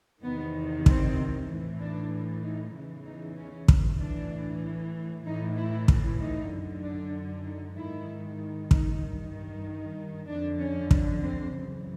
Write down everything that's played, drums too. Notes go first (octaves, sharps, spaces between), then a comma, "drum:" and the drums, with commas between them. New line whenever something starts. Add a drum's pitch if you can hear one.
E2 C3 D#3 B3
C4, drum: kick
A2 E3
D4
D#4
E2 C#3 E3
D#4
C#4
drum: kick
A2 E3 D4
A2 E3 D#4
E4
drum: kick
D#4
F#2 D3
D4
D#4
G#2 D#3 E4
D#4, drum: kick
G2 D#3
F2 D3 D4
C#4
drum: kick
C4
F#2 C#3 E3